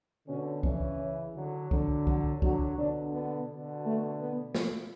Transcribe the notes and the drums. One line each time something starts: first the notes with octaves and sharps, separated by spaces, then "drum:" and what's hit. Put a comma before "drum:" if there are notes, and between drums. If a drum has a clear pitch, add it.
B2 D3 C#4
C#3 E3 C#4, drum: kick C2
D3 F#3
D3 F#3, drum: kick C2
F#4, drum: kick C2
D3 F#3 F#4, drum: kick C2
B2 D3 D4
B3
B2 D3
A3
B3
drum: snare